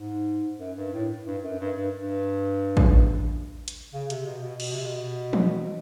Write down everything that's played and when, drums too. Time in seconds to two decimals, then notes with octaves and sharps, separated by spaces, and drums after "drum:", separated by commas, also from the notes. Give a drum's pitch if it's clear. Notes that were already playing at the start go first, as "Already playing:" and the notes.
Already playing: G#2
0.59 F#2
0.77 G2
0.93 A2
1.26 G2
1.44 F#2
1.59 G2
1.77 G2
1.94 G2
2.77 drum: kick
3.68 drum: hi-hat
3.93 C#3
4.10 C3, drum: hi-hat
4.26 B2
4.43 B2
4.60 B2, drum: cymbal
4.73 C3
4.86 B2
5.33 drum: tom E3